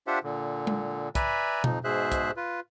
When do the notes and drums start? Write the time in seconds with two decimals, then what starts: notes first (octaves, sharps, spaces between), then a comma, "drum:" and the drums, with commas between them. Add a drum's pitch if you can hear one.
0.07 D4 F4 G4 C5 E5 F#5
0.23 A#2 D3
0.67 drum: tom G#3
1.15 B4 D5 E5 G#5 A#5 B5, drum: kick, hi-hat
1.64 F2 F3 D#4, drum: tom B2
1.84 G#2 B2 G#4 C5 E5 F#6
2.12 drum: kick, hi-hat
2.37 F4 B4